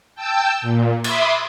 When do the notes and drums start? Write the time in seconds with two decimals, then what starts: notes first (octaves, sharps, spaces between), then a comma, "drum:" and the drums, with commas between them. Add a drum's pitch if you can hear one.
0.15 G5 A5 E6 G6
0.61 A#2
1.04 E5 B5 C6 D6 D#6, drum: cymbal